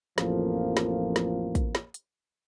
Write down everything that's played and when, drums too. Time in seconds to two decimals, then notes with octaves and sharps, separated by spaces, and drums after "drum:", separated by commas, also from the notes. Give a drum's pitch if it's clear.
0.18 A1 F2 F3 A#3, drum: snare
0.77 drum: snare
1.16 drum: snare
1.55 drum: kick, hi-hat
1.75 drum: snare
1.94 drum: hi-hat